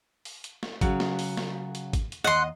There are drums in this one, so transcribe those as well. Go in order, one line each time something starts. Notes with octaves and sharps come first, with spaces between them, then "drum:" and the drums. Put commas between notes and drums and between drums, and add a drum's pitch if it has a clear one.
drum: open hi-hat
drum: hi-hat
drum: snare
C#3 F#3, drum: kick, hi-hat
drum: snare
drum: open hi-hat
drum: snare
drum: hi-hat
drum: kick, hi-hat
drum: hi-hat
D#2 D#5 F#5 C6